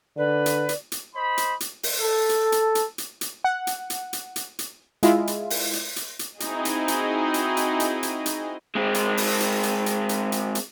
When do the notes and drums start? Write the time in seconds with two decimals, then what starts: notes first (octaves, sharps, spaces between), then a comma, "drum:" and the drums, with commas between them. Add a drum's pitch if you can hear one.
0.17 D3 B4 D5
0.46 drum: hi-hat
0.69 drum: hi-hat
0.92 drum: hi-hat
1.15 C5 D#5 B5
1.38 drum: hi-hat
1.60 drum: hi-hat
1.83 drum: open hi-hat
2.01 A4
2.29 drum: hi-hat
2.52 drum: hi-hat
2.75 drum: hi-hat
2.98 drum: hi-hat
3.21 drum: hi-hat
3.44 F#5
3.67 drum: hi-hat
3.90 drum: hi-hat
4.13 drum: hi-hat
4.36 drum: hi-hat
4.59 drum: hi-hat
5.03 G#3 E4 F4, drum: hi-hat
5.27 drum: hi-hat
5.50 drum: open hi-hat
5.73 drum: hi-hat
5.96 drum: hi-hat
6.19 drum: hi-hat
6.40 C4 D#4 E4 F#4 G#4 D#5, drum: hi-hat
6.65 drum: hi-hat
6.88 drum: hi-hat
7.34 drum: hi-hat
7.57 drum: hi-hat
7.80 drum: hi-hat
8.03 drum: hi-hat
8.26 drum: hi-hat
8.75 G#3 C4
8.94 drum: hi-hat
9.17 drum: open hi-hat
9.40 drum: hi-hat
9.63 drum: hi-hat
9.86 drum: hi-hat
10.09 drum: hi-hat
10.32 drum: hi-hat
10.55 drum: hi-hat